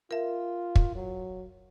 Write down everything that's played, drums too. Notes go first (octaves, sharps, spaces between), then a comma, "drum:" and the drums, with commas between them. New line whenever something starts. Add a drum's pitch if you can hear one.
F4 A#4 E5
drum: kick
F#3